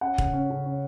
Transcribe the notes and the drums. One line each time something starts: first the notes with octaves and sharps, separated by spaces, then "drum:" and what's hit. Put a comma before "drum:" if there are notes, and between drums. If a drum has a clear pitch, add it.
C#4 F#5
C#3, drum: kick
C#4
C#3
C#4